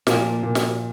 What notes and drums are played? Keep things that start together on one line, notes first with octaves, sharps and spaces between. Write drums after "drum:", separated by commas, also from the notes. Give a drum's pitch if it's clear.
A#2 F3 A#3 D4, drum: snare
A#2
drum: snare